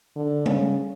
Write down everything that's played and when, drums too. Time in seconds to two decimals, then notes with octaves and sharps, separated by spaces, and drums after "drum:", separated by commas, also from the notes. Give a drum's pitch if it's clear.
0.16 D3
0.46 C#3, drum: tom G3